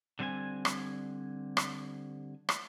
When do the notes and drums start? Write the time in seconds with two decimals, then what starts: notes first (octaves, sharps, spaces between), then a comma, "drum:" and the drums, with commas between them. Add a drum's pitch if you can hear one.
0.19 D3 G3 C4 E5 G#5
0.65 drum: rim click
1.57 drum: rim click
2.49 drum: rim click